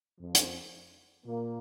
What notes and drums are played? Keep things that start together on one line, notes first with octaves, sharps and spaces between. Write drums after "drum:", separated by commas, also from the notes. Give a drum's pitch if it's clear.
F2 F3
drum: hi-hat
A#2 A#3